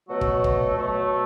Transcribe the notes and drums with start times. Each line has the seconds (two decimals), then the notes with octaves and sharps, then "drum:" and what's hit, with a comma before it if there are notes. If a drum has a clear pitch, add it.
0.09 B2 F#3 A3 F#4
0.21 drum: kick
0.44 drum: kick
0.75 B2 F#3 A3